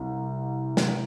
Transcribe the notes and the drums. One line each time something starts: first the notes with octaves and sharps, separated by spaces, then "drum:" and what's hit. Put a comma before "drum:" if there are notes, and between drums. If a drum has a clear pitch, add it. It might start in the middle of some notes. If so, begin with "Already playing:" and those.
Already playing: C2
drum: snare